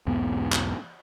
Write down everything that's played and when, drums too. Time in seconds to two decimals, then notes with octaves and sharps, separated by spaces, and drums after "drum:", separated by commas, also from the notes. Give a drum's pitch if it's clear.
0.07 B1 E2 G#2 B3
0.52 drum: clap